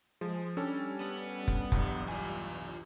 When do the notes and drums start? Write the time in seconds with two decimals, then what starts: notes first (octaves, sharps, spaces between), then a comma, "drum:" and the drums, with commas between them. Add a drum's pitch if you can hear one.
0.21 F3 G#3
0.57 G3 C#4 D4 A4
1.00 B3
1.48 drum: kick F1
1.72 B1 E2 G2, drum: kick F1
2.09 F4 G#5